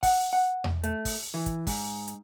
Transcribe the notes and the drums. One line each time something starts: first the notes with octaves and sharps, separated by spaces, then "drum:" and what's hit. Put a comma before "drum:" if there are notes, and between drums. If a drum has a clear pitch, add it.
F#5, drum: kick, open hi-hat
F#5
drum: tom E2
A3, drum: hi-hat
drum: kick, open hi-hat
E3
drum: kick, hi-hat
G#2, drum: kick, open hi-hat
drum: hi-hat